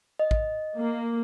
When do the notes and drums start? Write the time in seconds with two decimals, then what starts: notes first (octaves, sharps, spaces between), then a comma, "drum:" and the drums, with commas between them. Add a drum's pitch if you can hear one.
0.19 D#5
0.31 drum: kick A1
0.78 A#3